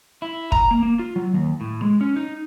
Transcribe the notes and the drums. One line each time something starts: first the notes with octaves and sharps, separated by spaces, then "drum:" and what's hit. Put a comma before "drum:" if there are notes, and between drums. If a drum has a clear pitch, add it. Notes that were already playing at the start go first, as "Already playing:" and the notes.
E4
A#5, drum: kick
A#3
A#3
F4
F#3
D#2
A2
G#3
C#4
D#4